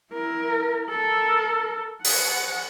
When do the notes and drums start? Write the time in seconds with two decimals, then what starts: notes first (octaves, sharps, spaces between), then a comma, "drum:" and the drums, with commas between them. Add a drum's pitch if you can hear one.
0.13 E4 A#4
0.89 A4 A#4
2.04 F#5, drum: open hi-hat